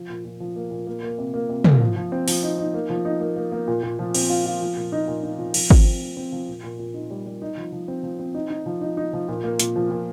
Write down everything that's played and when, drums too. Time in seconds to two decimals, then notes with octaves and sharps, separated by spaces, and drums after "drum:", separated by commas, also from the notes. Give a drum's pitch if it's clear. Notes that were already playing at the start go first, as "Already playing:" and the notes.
Already playing: F3
0.09 A#2
0.25 A#2
0.40 F3
0.56 A#3
0.71 A#2
0.87 A#3
1.03 A#3
1.18 C3
1.34 A#3
1.49 C3
1.64 A#3, drum: tom
1.80 F3
1.96 F3
2.12 C4
2.28 F3, drum: open hi-hat
2.43 D#4
2.58 D#4
2.74 A#3
2.90 F3
3.05 D#4
3.21 A#3
3.36 A#3
3.52 A#3
3.68 A#2
3.83 A#2
3.99 F3
4.15 C4, drum: cymbal
4.30 F4
4.46 F4
4.61 F3
4.76 A#2
4.92 D#4
5.08 A#2
5.23 D#4
5.39 F3
5.54 F3, drum: cymbal
5.70 C4, drum: kick
5.85 C4
6.01 F3
6.17 C4
6.32 F3
6.48 A#2
6.64 A#2
6.79 A#2
6.94 D#4
7.10 G3
7.26 G3
7.42 D#4
7.57 F3
7.72 F3
7.88 C4
8.03 F3
8.19 C4
8.34 D#4
8.50 D#4
8.66 F3
8.81 D#4
8.97 D#4
9.13 F3
9.28 A#2
9.44 A#3
9.60 A#2, drum: hi-hat
9.76 F3
9.91 A#2